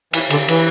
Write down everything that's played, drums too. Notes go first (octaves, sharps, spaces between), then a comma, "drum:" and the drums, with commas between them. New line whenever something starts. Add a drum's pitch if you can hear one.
E3, drum: cymbal
D3, drum: cymbal
E3, drum: cymbal